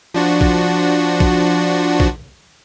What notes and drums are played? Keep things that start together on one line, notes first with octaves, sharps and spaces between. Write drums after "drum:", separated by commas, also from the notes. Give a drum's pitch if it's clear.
F3 D4 F#4
drum: kick
drum: kick
drum: kick